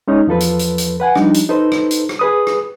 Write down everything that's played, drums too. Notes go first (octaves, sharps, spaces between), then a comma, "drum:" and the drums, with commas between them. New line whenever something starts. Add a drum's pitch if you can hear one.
G#3 C#4 D#4
E2 F3 A4 B4
drum: hi-hat
drum: hi-hat
drum: hi-hat
B4 F#5 G#5
F3 G3 D4 D#4, drum: rim click
drum: hi-hat
D#4 A4 B4 C5
drum: rim click
drum: hi-hat
drum: rim click
G#4 B4 D#6
drum: rim click